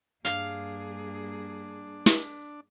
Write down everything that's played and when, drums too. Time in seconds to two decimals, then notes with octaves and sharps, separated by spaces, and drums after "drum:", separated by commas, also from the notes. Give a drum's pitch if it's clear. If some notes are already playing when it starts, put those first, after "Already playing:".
0.25 G2 A#3 D4 G#4 F5, drum: hi-hat
2.06 drum: snare